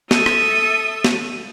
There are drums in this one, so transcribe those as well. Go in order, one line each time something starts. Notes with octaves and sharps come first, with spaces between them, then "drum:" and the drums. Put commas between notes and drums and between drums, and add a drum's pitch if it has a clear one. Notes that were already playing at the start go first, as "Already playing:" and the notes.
A4 E5 D#6, drum: snare
drum: rim click
drum: snare